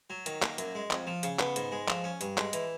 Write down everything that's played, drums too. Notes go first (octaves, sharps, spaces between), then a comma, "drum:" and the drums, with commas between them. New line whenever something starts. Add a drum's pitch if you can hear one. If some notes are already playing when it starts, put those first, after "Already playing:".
F#3
D#3, drum: hi-hat
A#3, drum: clap
F#2, drum: hi-hat
G#3
F2, drum: clap
F3
C#3, drum: hi-hat
B3, drum: clap
G#2, drum: hi-hat
G#3
F3, drum: clap
C#4
G2, drum: hi-hat
G#3, drum: clap
E3, drum: hi-hat